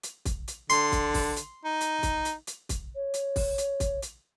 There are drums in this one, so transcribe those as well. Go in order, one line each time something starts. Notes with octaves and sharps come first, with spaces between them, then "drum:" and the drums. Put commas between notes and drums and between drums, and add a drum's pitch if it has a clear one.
drum: hi-hat
drum: kick, hi-hat
drum: hi-hat
D3 C6, drum: hi-hat
drum: kick, hi-hat
drum: kick, open hi-hat
drum: hi-hat
D#4
drum: hi-hat
drum: kick, hi-hat
drum: hi-hat
drum: hi-hat
drum: kick, hi-hat
C#5
drum: hi-hat
drum: kick, open hi-hat
drum: hi-hat
drum: kick, hi-hat
drum: hi-hat